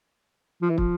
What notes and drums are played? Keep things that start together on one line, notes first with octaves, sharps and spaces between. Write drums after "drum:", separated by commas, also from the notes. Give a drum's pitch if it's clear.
F3
E3
F3, drum: kick